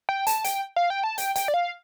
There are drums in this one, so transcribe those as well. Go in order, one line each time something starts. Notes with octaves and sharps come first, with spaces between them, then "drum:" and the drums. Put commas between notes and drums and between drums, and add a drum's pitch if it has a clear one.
G5
A5, drum: hi-hat
G5, drum: hi-hat
F5
G5
A5
G5, drum: hi-hat
G5, drum: hi-hat
D5
F5